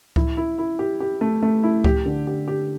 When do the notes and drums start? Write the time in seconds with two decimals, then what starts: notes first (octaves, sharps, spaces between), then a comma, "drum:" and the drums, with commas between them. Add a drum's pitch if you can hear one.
0.16 E4, drum: kick C#2
0.37 E4
0.58 E4
0.79 G4
1.00 G4
1.21 A3
1.42 A3
1.63 E4
1.84 G4, drum: kick C#2
2.06 D3
2.27 G4
2.48 G4